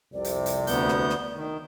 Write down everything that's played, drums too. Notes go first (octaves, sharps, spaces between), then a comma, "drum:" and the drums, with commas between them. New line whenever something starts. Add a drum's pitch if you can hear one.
C2 F2 C3 D5
drum: hi-hat
drum: hi-hat
D2 B3 G6, drum: hi-hat
drum: snare
drum: snare
D#3